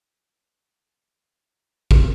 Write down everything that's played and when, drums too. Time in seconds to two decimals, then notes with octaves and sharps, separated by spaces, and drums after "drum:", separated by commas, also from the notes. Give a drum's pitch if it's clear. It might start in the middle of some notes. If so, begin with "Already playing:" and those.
0.12 F#4 A5 D6
0.32 B4 D#5
0.86 E4 G#4
1.42 F4 A#4 C#5 E5
1.91 drum: kick A1